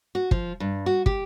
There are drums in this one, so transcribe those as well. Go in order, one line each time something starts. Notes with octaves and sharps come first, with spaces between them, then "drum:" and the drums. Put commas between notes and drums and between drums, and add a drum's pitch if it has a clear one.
F#4
F3, drum: kick
G2
F#4
G4, drum: kick